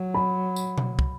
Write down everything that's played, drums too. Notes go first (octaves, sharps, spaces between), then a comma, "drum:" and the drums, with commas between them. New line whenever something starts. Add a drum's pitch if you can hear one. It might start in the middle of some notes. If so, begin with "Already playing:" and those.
Already playing: F#3
B5
drum: tambourine
drum: tom B2
drum: kick